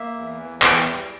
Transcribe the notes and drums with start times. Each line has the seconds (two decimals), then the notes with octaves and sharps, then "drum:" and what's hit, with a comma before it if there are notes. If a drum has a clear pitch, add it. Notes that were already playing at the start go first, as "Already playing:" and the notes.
Already playing: A#3 E5
0.15 E2
0.38 E3
0.62 E2 G5, drum: clap
0.85 G3